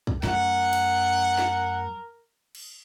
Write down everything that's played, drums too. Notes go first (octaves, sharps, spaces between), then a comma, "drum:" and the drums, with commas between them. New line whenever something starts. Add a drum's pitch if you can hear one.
drum: kick
F#2 F#3 A3 A#4 F#5, drum: snare
drum: cymbal
drum: snare
drum: cymbal